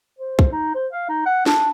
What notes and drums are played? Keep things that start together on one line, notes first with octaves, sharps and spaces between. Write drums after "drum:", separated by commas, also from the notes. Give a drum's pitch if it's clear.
C5
drum: kick
D#4
C5
F5
D#4
F#5
D4, drum: snare